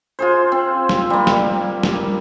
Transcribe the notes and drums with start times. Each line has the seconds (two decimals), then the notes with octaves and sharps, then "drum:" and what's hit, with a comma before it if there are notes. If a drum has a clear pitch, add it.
0.19 F4 G#4 C5
0.52 C4
0.89 drum: snare
1.10 G3 A#3
1.27 drum: snare
1.83 drum: snare